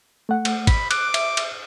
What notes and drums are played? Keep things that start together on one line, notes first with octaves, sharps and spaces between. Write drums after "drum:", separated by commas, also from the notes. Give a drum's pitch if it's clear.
A3 F#5
drum: cymbal
B5, drum: kick, cymbal
D6 F#6, drum: cymbal
E5, drum: cymbal
drum: cymbal